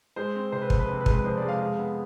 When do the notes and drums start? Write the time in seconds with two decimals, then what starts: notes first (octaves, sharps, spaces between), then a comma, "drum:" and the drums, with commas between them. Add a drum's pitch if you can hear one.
0.16 G#3 C5
0.35 C4
0.52 C3 C5
0.61 B4
0.70 F2, drum: kick
0.79 B4
0.88 C3
1.01 B4
1.06 G#3, drum: kick
1.12 B4
1.24 F2 C5
1.37 G#3 D5
1.48 F5
1.61 G#3
1.79 B3